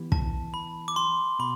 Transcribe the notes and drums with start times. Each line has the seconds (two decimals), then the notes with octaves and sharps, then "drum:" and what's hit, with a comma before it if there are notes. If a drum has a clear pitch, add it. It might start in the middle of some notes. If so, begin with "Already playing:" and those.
Already playing: E3 B3 E4 G4
0.12 A5, drum: kick
0.54 B5
0.88 D6
0.96 C6
1.39 B2 B5